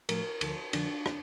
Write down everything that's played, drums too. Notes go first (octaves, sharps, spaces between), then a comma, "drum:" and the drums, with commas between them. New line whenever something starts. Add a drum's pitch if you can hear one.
A2 F3 A3 A#4, drum: cymbal
D2 D3 F3, drum: cymbal
F2 D3 F3 D4, drum: cymbal
drum: rim click